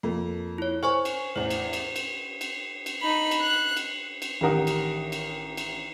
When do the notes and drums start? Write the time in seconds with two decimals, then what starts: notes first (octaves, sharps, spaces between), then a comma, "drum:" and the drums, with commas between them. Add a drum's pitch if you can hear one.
0.03 F2 A#3
0.58 E4 C#5
0.83 C5 C#5 G#5 C#6
1.05 drum: cymbal
1.36 A1 E2 C5
1.50 drum: cymbal
1.73 drum: cymbal
1.96 drum: cymbal
2.41 drum: cymbal
2.86 drum: cymbal
3.02 D#4 B5
3.31 drum: cymbal
3.41 F#6
3.77 drum: cymbal
4.22 drum: cymbal
4.41 A1 D#3 G4 A#4 F#5 D#6
4.67 drum: cymbal
5.12 drum: cymbal
5.57 drum: cymbal